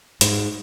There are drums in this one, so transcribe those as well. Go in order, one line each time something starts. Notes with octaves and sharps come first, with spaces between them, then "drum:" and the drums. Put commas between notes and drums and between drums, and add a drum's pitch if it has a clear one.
G#2, drum: hi-hat